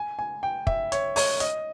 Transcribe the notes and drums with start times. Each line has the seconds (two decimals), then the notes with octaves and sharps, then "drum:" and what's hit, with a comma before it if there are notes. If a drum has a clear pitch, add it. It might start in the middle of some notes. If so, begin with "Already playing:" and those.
Already playing: G#5
0.19 G#5
0.43 G5
0.67 E5, drum: kick
0.92 C#5, drum: hi-hat
1.16 C#5, drum: open hi-hat
1.40 D#5, drum: hi-hat